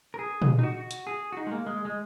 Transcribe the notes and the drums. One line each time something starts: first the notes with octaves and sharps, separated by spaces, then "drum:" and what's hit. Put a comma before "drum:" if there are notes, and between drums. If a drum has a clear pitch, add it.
A#4
G#4
drum: tom
D#4
F#4
drum: hi-hat
G#4
F#4
D#4
G#3
A#3
G#3
G#3